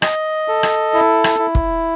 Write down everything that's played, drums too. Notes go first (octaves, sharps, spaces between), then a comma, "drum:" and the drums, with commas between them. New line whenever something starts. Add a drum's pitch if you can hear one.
D#5, drum: rim click
A4
drum: rim click
E4
drum: rim click
E4
drum: kick